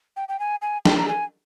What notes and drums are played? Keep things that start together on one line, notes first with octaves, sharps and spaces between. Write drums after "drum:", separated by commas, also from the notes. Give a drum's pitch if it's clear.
G5
G5
G#5
G#5
G5, drum: snare
A#5
G#5